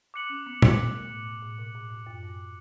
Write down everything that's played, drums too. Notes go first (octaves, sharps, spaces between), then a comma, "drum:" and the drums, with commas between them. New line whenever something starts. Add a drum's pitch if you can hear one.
D6 F#6 C#7 F#7
C#4
B3
A3, drum: tom A#2
A3
B2
A2
G2
A2
B2
A2
G2
F#2
G2